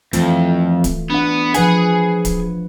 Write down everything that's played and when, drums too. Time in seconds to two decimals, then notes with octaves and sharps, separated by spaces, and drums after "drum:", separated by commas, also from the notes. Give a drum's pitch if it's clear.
0.13 F2 E3 A3 F4, drum: hi-hat
0.84 drum: kick D1, hi-hat
1.10 B3 D4 F#5
1.54 F3 G#4 B4 F#5 G#5, drum: hi-hat
2.25 drum: kick D1, hi-hat